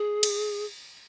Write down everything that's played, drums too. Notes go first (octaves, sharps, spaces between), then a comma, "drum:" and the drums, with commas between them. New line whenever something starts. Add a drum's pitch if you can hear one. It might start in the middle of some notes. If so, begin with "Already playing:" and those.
Already playing: G#4
drum: cymbal